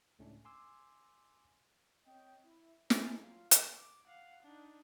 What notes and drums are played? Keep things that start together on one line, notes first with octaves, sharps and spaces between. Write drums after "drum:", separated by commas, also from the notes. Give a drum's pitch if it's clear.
C#2 A2 A3 C#4 D4
G#5 C6 D6 E6
C4 C#5 D#5 G5
E4
A1 G#4 A#4 C5 G#5 A5, drum: snare
F#3 F4 F5
drum: hi-hat
D6
F5 F#5
D4 D#4